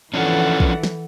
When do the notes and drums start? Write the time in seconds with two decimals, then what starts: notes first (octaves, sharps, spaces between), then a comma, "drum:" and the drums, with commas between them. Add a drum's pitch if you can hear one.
0.14 E3 F3 C#4 D4 A4 F#5
0.60 drum: kick
0.83 drum: snare